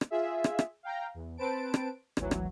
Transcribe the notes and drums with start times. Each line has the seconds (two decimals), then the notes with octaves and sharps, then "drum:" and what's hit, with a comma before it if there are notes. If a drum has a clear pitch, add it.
0.01 drum: rim click
0.10 F4 G#4 E5
0.44 drum: rim click
0.59 drum: rim click
0.83 F5 G5 A#5
1.14 E2
1.38 C4 B4 C5 A5 D7
1.74 drum: rim click
2.17 G#1 D2 E3 F#3, drum: rim click
2.31 drum: rim click